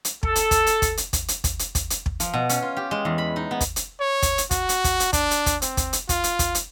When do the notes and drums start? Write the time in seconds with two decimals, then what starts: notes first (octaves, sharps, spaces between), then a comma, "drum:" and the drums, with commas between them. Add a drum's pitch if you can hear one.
0.05 drum: hi-hat
0.23 A4, drum: kick
0.36 drum: hi-hat
0.51 drum: kick, hi-hat
0.66 drum: hi-hat
0.82 drum: kick, hi-hat
0.97 drum: hi-hat
1.13 drum: kick, hi-hat
1.28 drum: hi-hat
1.44 drum: kick, hi-hat
1.59 drum: hi-hat
1.75 drum: kick, hi-hat
1.90 drum: hi-hat
2.06 drum: kick
2.20 F3, drum: hi-hat
2.33 B2
2.49 C#4, drum: hi-hat
2.62 F4
2.77 G4
2.91 G#3
3.05 E2
3.18 B5
3.36 D#4
3.51 B3
3.61 drum: kick, hi-hat
3.76 drum: hi-hat
4.00 C#5
4.22 drum: kick, hi-hat
4.38 drum: hi-hat
4.51 F#4, drum: kick, hi-hat
4.69 drum: hi-hat
4.84 drum: kick, hi-hat
5.00 drum: hi-hat
5.13 D4, drum: kick, hi-hat
5.31 drum: hi-hat
5.46 drum: kick, hi-hat
5.62 C4, drum: hi-hat
5.77 drum: kick, hi-hat
5.93 drum: hi-hat
6.09 F4, drum: kick, hi-hat
6.24 drum: hi-hat
6.39 drum: kick, hi-hat
6.55 drum: hi-hat